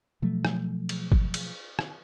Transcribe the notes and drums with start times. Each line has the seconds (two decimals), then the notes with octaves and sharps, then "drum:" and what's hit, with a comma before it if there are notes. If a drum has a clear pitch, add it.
0.22 B2 F3 F#3 A3
0.45 drum: rim click
0.89 drum: cymbal
1.12 drum: kick
1.34 drum: cymbal
1.79 drum: rim click